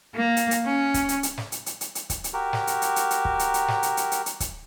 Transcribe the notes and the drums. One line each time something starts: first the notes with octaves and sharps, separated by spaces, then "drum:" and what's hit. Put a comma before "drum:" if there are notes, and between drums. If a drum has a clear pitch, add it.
A#3
drum: hi-hat
drum: hi-hat
C#4
drum: kick, hi-hat
drum: hi-hat
drum: hi-hat
drum: snare
drum: hi-hat
drum: hi-hat
drum: hi-hat
drum: hi-hat
drum: kick, hi-hat
drum: hi-hat
F#4 G4 A#4
drum: snare
drum: hi-hat
drum: hi-hat
drum: hi-hat
drum: hi-hat
drum: kick
drum: hi-hat
drum: hi-hat
drum: snare
drum: hi-hat
drum: hi-hat
drum: hi-hat
drum: hi-hat
drum: kick, hi-hat